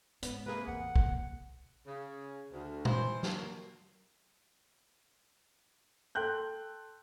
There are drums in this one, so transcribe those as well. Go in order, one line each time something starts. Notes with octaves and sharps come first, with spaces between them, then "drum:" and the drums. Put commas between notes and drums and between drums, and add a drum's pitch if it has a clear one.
G#2 B3, drum: hi-hat
C3 A#3 G#4 B4
A1 E2 F#5
C3 A#3, drum: kick
C#3
D2
E3 C5, drum: tom A#2
A#3 D4 G4, drum: snare
A#3 F#4 A#4
A4 G5 C6 F#6 G6